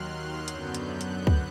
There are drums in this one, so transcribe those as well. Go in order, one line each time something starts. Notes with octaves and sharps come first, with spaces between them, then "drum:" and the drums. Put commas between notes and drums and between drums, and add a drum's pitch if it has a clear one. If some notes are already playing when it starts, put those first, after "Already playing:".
Already playing: D#2 D#3 F#3 C6 F6 F#6
F#2 D3 F#3 B3 G6, drum: hi-hat
drum: hi-hat
F#6
drum: hi-hat
drum: kick C#2